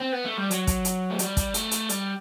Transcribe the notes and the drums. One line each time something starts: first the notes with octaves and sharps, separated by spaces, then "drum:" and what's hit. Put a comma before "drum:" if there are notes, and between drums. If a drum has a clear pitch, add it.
C4
B3
A3
G3
F#3, drum: hi-hat
drum: kick, hi-hat
drum: hi-hat
A3
G3, drum: hi-hat
drum: kick, hi-hat
A3, drum: hi-hat
drum: hi-hat
G3, drum: hi-hat